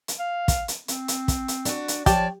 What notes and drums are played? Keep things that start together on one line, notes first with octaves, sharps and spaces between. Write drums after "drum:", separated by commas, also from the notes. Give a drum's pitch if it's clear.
drum: hi-hat
F5
drum: kick, hi-hat
drum: hi-hat
C4, drum: hi-hat
drum: hi-hat
drum: kick, hi-hat
drum: hi-hat
D4 F#4, drum: hi-hat
drum: hi-hat
F3 G4 C#5 D5 A5, drum: kick, hi-hat